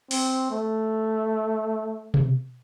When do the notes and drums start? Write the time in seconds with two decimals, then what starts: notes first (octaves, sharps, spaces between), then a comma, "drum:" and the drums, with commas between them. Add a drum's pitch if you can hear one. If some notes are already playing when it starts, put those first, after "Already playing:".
0.11 C4, drum: open hi-hat
0.51 A3
2.14 drum: tom B2